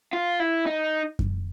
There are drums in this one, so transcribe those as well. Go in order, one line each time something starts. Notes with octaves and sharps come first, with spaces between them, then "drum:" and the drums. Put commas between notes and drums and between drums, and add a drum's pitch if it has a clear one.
F4
E4
D#4
drum: kick F#2